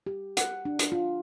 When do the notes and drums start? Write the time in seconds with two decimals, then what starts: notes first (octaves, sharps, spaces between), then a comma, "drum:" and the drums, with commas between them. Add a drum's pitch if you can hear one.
0.07 G4
0.37 F#5, drum: hi-hat
0.65 D4
0.79 drum: hi-hat
0.92 F4